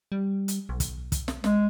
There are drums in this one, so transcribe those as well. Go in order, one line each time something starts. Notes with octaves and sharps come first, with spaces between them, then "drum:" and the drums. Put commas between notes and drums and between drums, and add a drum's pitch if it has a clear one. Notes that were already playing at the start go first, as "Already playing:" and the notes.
G3
drum: hi-hat
B1
drum: kick, hi-hat
drum: kick, hi-hat
drum: snare
G#3, drum: snare